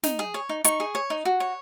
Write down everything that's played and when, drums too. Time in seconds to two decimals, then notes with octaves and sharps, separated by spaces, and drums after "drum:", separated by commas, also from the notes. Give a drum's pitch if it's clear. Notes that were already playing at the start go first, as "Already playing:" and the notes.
0.04 D#4, drum: snare
0.19 G#4
0.34 C#5
0.49 D#4
0.64 D#4 C#6, drum: hi-hat
0.80 G#4
0.95 C#5
1.10 D#4
1.25 F#4
1.40 C#5